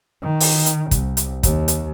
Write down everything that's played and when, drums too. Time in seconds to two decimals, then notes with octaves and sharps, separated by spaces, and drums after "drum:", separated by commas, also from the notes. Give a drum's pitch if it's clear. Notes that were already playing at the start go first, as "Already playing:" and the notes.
0.22 D#3
0.40 drum: open hi-hat
0.66 drum: hi-hat
0.91 C2, drum: kick, hi-hat
1.17 drum: hi-hat
1.43 D#2, drum: kick, hi-hat
1.68 drum: hi-hat